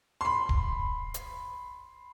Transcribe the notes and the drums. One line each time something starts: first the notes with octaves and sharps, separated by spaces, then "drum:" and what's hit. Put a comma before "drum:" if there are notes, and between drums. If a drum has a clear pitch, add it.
B5 C6
drum: kick D1
drum: hi-hat